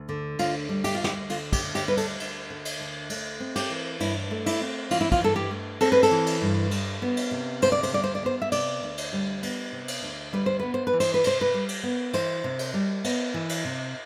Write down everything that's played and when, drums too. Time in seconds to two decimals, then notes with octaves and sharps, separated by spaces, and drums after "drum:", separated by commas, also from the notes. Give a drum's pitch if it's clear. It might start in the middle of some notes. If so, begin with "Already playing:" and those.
Already playing: D2
0.09 D3
0.39 D2 F4, drum: cymbal
0.69 G3
0.84 G4, drum: cymbal
0.95 D2 F4
1.04 G4, drum: snare
1.29 D3 F4, drum: cymbal
1.53 G4, drum: kick, cymbal
1.60 D2
1.75 G4, drum: cymbal
1.88 G3 B4
1.97 A4, drum: cymbal
2.20 D2, drum: cymbal
2.50 D3
2.65 drum: cymbal
2.80 D2
3.10 A3, drum: cymbal
3.40 C4
3.56 G4, drum: cymbal
3.70 E3
4.00 G2 E4, drum: cymbal
4.31 A3
4.46 E4, drum: cymbal
4.61 C4
4.91 E3 F4, drum: cymbal
5.01 E4
5.12 F4, drum: kick, cymbal
5.22 G2 A4
5.36 G4
5.51 A3
5.81 C4 A4, drum: cymbal
5.92 B4
6.03 A4, drum: cymbal
6.11 E3
6.26 drum: cymbal
6.42 G2
6.71 G3, drum: cymbal
7.02 B3
7.17 drum: cymbal
7.31 C3
7.62 D2 C5, drum: cymbal
7.72 D5
7.83 C5, drum: cymbal
7.93 G3 D5
8.04 C5
8.15 D5
8.23 B3 C5
8.42 E5
8.52 C3 D5, drum: cymbal
8.83 D2
8.98 drum: cymbal
9.13 G3
9.43 B3, drum: cymbal
9.72 C3
9.88 drum: cymbal
10.03 D2
10.33 G3 B4
10.46 C5
10.59 B3 B4
10.74 C5
10.87 B4
10.93 E3
11.00 C5, drum: cymbal
11.14 B4
11.24 C3 C5, drum: cymbal
11.41 B4
11.54 G3
11.69 drum: cymbal
11.83 B3
12.13 E3 C5, drum: cymbal
12.44 C3
12.59 drum: cymbal
12.74 G3
13.04 B3, drum: cymbal
13.34 E3
13.49 drum: cymbal
13.65 C3